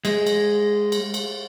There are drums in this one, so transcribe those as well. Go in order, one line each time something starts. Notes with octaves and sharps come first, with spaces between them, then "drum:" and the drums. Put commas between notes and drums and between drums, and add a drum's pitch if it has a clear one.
G#3, drum: cymbal
drum: cymbal
drum: cymbal
drum: cymbal